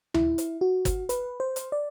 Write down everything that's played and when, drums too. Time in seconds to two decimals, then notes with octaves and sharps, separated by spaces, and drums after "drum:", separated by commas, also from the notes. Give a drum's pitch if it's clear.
0.14 E4, drum: tom D2
0.38 drum: hi-hat
0.61 F#4
0.85 drum: kick G1, hi-hat
1.09 B4, drum: hi-hat
1.40 C5
1.56 drum: hi-hat
1.72 D5